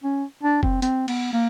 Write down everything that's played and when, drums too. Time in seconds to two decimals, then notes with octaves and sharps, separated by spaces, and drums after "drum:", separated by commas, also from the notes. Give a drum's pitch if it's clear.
0.04 C#4
0.43 D4
0.63 C4, drum: kick F1
0.82 C4, drum: hi-hat
1.08 B3, drum: cymbal
1.33 A#3